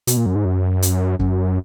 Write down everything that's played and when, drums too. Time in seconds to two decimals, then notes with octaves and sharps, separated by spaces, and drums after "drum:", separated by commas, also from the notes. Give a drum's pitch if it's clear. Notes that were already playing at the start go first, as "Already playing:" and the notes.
0.07 B2, drum: hi-hat
0.17 A#2
0.26 F#2
0.35 G#2
0.45 F#2
0.82 drum: hi-hat
1.19 F#2, drum: kick